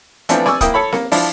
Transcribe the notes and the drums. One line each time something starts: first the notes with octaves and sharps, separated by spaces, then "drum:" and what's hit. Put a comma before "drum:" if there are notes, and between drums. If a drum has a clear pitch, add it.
E3 F3 A3 B3 C4 D4, drum: hi-hat
D5 G#5 C#6 E6, drum: snare C4
A#3 E4 G5 D#6, drum: kick, hi-hat
A4 C#5 B5
A#3, drum: snare C4
F3 D4 E4, drum: open hi-hat